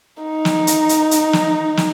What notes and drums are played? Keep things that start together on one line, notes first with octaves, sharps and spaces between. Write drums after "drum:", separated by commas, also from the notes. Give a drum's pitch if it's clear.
D#4
drum: snare
drum: hi-hat
drum: hi-hat
drum: hi-hat
drum: snare
drum: snare